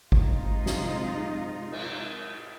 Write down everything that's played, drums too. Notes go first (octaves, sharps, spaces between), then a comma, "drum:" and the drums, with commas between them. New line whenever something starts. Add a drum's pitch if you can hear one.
C3 G#3 D#4 F4, drum: kick
drum: snare
drum: cymbal